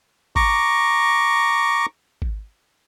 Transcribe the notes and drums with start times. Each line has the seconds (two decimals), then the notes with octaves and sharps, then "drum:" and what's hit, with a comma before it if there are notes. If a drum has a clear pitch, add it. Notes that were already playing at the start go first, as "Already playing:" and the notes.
0.36 A#5 C#6 D6, drum: kick G#1
2.22 drum: kick G#1